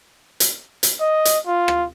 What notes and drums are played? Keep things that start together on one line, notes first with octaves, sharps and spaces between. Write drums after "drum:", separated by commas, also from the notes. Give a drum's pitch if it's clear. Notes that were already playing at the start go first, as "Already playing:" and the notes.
drum: hi-hat
drum: hi-hat
D#5
drum: hi-hat
F4
drum: rim click